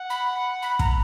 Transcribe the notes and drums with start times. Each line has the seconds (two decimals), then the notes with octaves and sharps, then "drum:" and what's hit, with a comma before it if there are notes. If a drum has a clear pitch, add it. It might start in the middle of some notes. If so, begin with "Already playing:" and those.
Already playing: F#5
0.10 B5
0.62 B5
0.79 A#5, drum: kick